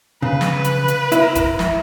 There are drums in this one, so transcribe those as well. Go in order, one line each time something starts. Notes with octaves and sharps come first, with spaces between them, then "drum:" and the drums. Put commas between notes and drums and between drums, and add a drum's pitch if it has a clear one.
C#3 B4
drum: snare
drum: hi-hat
drum: hi-hat
E4, drum: hi-hat
drum: kick D#1, hi-hat
drum: snare